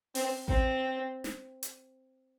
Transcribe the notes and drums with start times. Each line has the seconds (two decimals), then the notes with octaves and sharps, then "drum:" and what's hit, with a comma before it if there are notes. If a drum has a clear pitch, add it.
0.15 C4, drum: open hi-hat
0.48 C4, drum: kick A1
1.24 drum: snare
1.63 drum: hi-hat